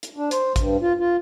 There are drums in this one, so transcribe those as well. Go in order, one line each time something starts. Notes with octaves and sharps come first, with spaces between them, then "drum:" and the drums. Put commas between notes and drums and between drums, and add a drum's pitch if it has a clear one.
drum: hi-hat
D4
C5, drum: hi-hat
G2, drum: kick A1, hi-hat
F4
F4